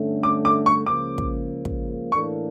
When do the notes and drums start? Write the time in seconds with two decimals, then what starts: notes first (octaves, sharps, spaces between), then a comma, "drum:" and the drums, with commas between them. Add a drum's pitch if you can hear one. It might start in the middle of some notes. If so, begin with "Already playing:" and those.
Already playing: G2 D3 A3 C#4
0.23 D6
0.45 D6
0.66 C#6
0.86 C#2 C#3 F3 A#3 D6
1.18 drum: kick
1.65 drum: kick
2.12 A2 E3 A#3 D4 A4 C#6